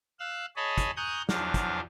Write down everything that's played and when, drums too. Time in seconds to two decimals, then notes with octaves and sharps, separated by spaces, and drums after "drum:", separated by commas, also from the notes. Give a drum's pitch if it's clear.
0.20 F5 E6 F#6
0.56 G#4 C#5 D#5 A5 B5
0.78 drum: kick, hi-hat
0.97 G#5 A#5 C#6 D#6 F#6 G6
1.29 E2 F3 F#3 D4 F5, drum: snare
1.54 drum: kick, hi-hat